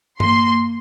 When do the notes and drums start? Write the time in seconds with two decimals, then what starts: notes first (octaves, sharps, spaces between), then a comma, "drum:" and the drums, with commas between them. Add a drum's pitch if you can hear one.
0.20 A#3 C6, drum: tom G2